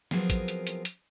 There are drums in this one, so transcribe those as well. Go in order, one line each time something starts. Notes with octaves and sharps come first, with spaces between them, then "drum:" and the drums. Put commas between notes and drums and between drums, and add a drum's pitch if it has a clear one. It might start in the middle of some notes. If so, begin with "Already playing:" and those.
F3 F#3 B3 C4 G#4 A#4, drum: snare
drum: kick A1, hi-hat
drum: hi-hat
drum: hi-hat
drum: hi-hat